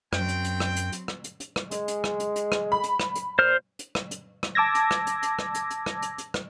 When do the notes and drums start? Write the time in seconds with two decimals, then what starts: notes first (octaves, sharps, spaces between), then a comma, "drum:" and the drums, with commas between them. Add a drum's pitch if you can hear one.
0.13 F#2 F#3 C4 G5, drum: rim click
0.29 drum: hi-hat
0.44 drum: hi-hat
0.60 drum: rim click
0.76 drum: hi-hat
0.92 drum: hi-hat
1.08 drum: rim click
1.24 drum: hi-hat
1.40 drum: hi-hat
1.56 drum: rim click
1.71 G#3, drum: hi-hat
1.88 drum: hi-hat
2.04 drum: rim click
2.20 drum: hi-hat
2.36 drum: hi-hat
2.52 drum: rim click
2.72 B5
2.84 drum: hi-hat
3.00 drum: rim click
3.15 drum: hi-hat
3.39 A#2 C5 F6
3.79 drum: hi-hat
3.95 drum: rim click
4.11 drum: hi-hat
4.43 drum: rim click
4.55 A5 D6 E6 G#6 A#6
4.75 drum: hi-hat
4.91 drum: rim click
5.07 drum: hi-hat
5.23 drum: hi-hat
5.39 drum: rim click
5.55 drum: hi-hat
5.70 drum: hi-hat
5.86 drum: rim click
6.02 drum: hi-hat
6.18 drum: hi-hat
6.34 drum: rim click